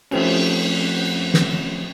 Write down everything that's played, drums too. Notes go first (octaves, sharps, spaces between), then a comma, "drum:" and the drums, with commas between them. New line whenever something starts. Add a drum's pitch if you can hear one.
F3 A3 C4 C#4, drum: cymbal
drum: snare